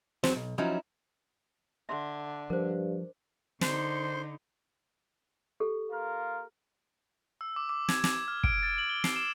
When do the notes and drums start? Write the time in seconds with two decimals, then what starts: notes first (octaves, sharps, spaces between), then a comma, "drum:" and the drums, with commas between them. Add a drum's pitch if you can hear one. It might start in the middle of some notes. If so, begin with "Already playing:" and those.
0.24 E2 F#3 C4 C5, drum: snare
0.35 B1
0.58 F3 F#3 C#4 D#4 E4
1.89 D3 E5 C6
2.50 G2 F3 A#4 C5
3.61 D3 D#4 C5, drum: snare
5.60 G4 A4
5.91 A#3 F4 A#4
7.41 E6
7.56 D6
7.69 D6
7.89 G#6, drum: snare
8.04 D6, drum: snare
8.28 F6
8.44 D7, drum: kick
8.63 A6
8.78 F#7
8.90 G7
9.04 C7, drum: snare
9.16 E7